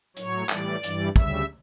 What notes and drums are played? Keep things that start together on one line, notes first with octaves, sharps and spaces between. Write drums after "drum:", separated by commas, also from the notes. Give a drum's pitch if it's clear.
A2 F#3 C#5, drum: hi-hat
A2 E3 G3 D5, drum: clap
G2 E3 G3, drum: hi-hat
D2 C#3 G3 E5, drum: kick, hi-hat